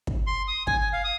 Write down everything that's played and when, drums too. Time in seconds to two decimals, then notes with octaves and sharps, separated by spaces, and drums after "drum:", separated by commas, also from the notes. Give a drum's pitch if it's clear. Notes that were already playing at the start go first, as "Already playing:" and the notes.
0.07 drum: kick
0.27 C6
0.48 D#6
0.67 G#5, drum: kick
0.81 G#5
0.93 F5
1.04 D#6